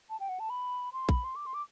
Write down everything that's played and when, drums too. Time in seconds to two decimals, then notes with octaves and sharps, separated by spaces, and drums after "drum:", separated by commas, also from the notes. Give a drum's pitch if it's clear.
0.10 A5
0.20 G5
0.29 F#5
0.40 A5
0.50 B5
0.93 C6
1.09 B5, drum: kick
1.24 C6
1.36 D6
1.46 C6
1.54 D6